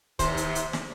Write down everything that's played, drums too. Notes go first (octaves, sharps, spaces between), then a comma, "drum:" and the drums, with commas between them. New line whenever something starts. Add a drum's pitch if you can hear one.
D#2 C3 C5, drum: kick C#1, hi-hat
drum: hi-hat
drum: hi-hat
drum: snare